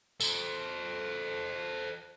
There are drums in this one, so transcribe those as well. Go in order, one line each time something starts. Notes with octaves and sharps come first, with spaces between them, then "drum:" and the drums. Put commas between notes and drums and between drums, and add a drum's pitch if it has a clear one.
A4 C5, drum: tambourine